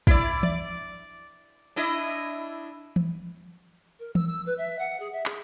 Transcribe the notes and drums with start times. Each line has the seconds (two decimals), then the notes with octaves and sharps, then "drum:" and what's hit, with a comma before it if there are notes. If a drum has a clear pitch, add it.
0.07 E4 D5, drum: kick
0.43 D5, drum: tom E3
1.76 D4 E4 D#5
2.96 drum: tom E3
3.99 A#4
4.15 E6, drum: tom E3
4.27 E6
4.46 B4
4.58 E5
4.79 F#5
5.00 G#4
5.12 E5
5.26 G#4, drum: clap